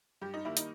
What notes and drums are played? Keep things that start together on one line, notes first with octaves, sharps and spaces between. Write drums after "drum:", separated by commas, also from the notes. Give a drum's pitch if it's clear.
G2 G4
D#4
D#3 G3 A#3 E4
D#4, drum: hi-hat